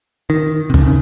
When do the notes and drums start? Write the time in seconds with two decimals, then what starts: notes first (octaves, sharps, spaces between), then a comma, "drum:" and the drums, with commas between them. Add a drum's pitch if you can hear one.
0.30 D#3
0.70 C3
0.74 C#3, drum: kick